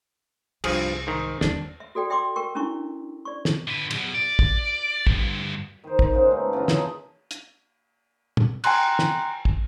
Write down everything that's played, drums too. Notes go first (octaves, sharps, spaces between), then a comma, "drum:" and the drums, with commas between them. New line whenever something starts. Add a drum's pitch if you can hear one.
C2 G2 F3 G#4, drum: cymbal
G#2 D#3
D#2 G3 D4, drum: snare
E5
F#4 A4 D5 G5
D5 E5 G5 C6 D6
A#4 G5 C#6
C#4 D4 E4 C#6
D5 C#6
drum: snare
D3 B4
B1 B2, drum: cymbal
D5
drum: kick
D2 G2, drum: kick
D#3 C5
C5, drum: kick
G#2 C#3 G#3
B2 A3 A#3
C#3 E3 A3 F4
D#4, drum: snare
drum: hi-hat
drum: tom
G5 G#5 A#5 C6 F#6, drum: cymbal
drum: snare
drum: kick